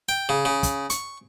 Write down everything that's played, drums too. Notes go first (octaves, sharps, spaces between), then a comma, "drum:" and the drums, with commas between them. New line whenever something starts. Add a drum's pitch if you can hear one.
G5
C#3
C#3
drum: kick, hi-hat
C#6, drum: hi-hat